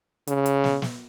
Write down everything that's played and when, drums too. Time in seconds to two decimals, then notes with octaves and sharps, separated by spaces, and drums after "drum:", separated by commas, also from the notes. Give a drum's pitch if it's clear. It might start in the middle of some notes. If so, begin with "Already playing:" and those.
0.27 C#3, drum: hi-hat
0.46 drum: hi-hat
0.64 drum: snare
0.82 drum: snare